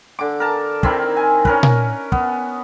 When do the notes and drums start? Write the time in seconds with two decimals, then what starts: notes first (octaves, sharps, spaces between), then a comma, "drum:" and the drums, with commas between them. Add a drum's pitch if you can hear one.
0.19 D3 D6
0.40 A#4 A5
0.83 D#3 C4 E4 A#4, drum: kick
1.17 G#5
1.45 C#4 A#4 B4, drum: kick
1.63 drum: tom A#2
2.12 B3, drum: kick